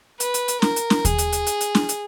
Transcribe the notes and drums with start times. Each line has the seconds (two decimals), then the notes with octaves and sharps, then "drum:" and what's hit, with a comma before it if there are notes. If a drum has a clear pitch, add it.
0.20 B4, drum: hi-hat
0.34 drum: hi-hat
0.48 drum: hi-hat
0.62 A#4, drum: snare
0.76 drum: hi-hat
0.90 drum: snare
1.05 G#4, drum: kick D#2, hi-hat
1.18 drum: hi-hat
1.32 drum: hi-hat
1.47 drum: hi-hat
1.61 drum: hi-hat
1.75 drum: snare
1.89 drum: hi-hat